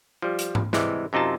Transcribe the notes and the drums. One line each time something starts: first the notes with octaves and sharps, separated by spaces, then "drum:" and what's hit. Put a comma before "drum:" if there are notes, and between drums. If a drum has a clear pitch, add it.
F3 G3
drum: hi-hat
drum: tom G#2
C3 E3 G3 G#3, drum: snare
F#2 C3 D#4 F4 A5